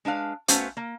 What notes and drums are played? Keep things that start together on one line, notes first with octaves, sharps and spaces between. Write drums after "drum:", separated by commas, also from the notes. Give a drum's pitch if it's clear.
G#3 D4 B4 F5
A3 B3 C#4 F#4 C5 F5, drum: hi-hat
A#3